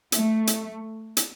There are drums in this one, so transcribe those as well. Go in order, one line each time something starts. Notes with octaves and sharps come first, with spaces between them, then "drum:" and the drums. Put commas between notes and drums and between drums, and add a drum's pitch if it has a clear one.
A3, drum: hi-hat
drum: hi-hat
drum: hi-hat